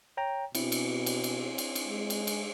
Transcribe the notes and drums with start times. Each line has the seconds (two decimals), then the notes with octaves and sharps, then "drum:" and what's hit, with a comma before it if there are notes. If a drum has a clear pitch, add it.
0.17 C#5 G5 A#5
0.55 B2 C4 E4, drum: cymbal
0.72 drum: cymbal
1.06 drum: cymbal
1.24 drum: cymbal
1.58 drum: cymbal
1.75 drum: cymbal
1.88 G#3
2.10 drum: cymbal
2.27 drum: cymbal